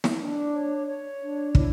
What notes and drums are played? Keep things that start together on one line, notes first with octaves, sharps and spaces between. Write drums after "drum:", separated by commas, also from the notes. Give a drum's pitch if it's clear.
drum: snare
D4
C#5
C#5
D4
E4, drum: kick